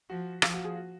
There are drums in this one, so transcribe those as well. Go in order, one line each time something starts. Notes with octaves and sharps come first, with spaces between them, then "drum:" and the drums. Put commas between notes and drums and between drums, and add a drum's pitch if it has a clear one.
F3 F#4
F3 F4, drum: rim click
F#4
G#4
F#4